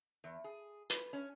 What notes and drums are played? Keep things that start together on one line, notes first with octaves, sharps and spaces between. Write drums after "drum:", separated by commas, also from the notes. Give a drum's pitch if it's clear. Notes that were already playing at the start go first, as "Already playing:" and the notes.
E2
G#4
B4, drum: hi-hat
C#4